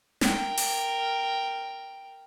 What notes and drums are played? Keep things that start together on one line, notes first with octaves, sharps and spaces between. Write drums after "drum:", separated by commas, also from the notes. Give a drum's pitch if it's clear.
A#4 G5, drum: snare
drum: open hi-hat